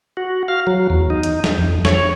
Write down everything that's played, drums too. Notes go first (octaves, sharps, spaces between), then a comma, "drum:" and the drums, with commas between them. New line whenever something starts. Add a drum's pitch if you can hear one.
F#4
F5
F#3
E2
D#4
drum: hi-hat
drum: snare
F2
C#5, drum: snare